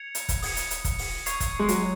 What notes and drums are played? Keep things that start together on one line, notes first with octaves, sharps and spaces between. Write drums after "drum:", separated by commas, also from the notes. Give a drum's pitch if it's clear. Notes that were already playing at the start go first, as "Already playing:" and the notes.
Already playing: G#6 C#7 F7
drum: hi-hat
drum: kick, hi-hat
D#6 G#6 C#7, drum: open hi-hat
drum: hi-hat
drum: hi-hat
drum: kick, hi-hat
drum: open hi-hat
C#6 G#6 C7 F7, drum: hi-hat
drum: kick, hi-hat
G#3
F#3, drum: hi-hat